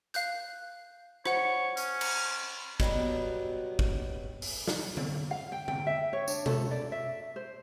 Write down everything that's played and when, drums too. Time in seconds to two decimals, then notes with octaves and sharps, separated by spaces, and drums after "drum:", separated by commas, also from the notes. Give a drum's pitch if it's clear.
0.14 F5 F#6 G6, drum: hi-hat
1.26 C5 C#5 F#5, drum: rim click
1.77 C#4, drum: hi-hat
2.01 drum: cymbal
2.80 B2 F#3 G3 B3, drum: kick
3.79 drum: kick
4.42 drum: open hi-hat
4.67 drum: snare
4.97 drum: tom D3
5.31 F5
5.52 G5
5.68 G5, drum: tom D3
5.87 E5
6.13 C#5
6.28 D4, drum: tambourine
6.46 A4, drum: tom B2
6.71 D5
6.92 E5
7.36 C5